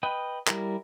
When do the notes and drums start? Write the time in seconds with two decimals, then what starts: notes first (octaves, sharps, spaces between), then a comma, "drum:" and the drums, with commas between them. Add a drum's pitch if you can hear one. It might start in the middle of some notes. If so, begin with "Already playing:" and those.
0.03 B4 D#5 G5
0.47 G3 E4 A#4, drum: clap